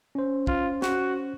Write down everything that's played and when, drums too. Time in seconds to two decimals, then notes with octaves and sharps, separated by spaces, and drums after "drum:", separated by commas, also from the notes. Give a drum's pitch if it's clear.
0.15 C#4 C5
0.47 F4, drum: kick
0.82 F#4, drum: snare